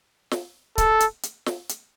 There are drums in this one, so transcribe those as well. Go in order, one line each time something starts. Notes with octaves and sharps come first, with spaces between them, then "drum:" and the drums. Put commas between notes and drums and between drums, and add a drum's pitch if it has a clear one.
drum: snare
A4, drum: kick D1, hi-hat
drum: hi-hat
drum: hi-hat
drum: snare
drum: hi-hat